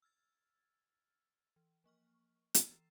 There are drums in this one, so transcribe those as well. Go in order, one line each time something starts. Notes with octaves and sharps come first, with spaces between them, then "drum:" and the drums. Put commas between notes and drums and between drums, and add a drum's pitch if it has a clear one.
E6 F6 G#6 A6
E3
F3 A#3 C#6 F6
drum: hi-hat
E3 A#5 E6 A6 C7 E7